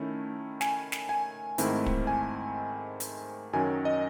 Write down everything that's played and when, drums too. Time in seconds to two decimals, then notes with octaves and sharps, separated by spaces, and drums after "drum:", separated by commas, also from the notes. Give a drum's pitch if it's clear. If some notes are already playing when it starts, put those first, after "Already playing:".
Already playing: D#3 A3 C#4 E4
0.61 G#5, drum: snare
0.92 drum: snare
1.09 G#5
1.58 G#2 D#3 A3 C4 E4, drum: hi-hat
1.86 drum: kick
2.07 G#5
3.00 drum: hi-hat
3.53 F#2 D#3 F#3 C#4 G#5
3.85 D#5